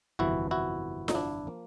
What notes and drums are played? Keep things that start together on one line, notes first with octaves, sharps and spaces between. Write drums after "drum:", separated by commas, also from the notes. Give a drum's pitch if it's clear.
G1 F2 C3 E3 E4 F#4
E4 F#4
D#4, drum: snare F4
D4 E4
F3 A#3